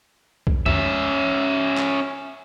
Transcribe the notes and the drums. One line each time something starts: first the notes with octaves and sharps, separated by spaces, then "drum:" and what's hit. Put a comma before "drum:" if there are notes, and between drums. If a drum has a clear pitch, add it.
drum: kick B1
C#4 E5, drum: tom F2
drum: clap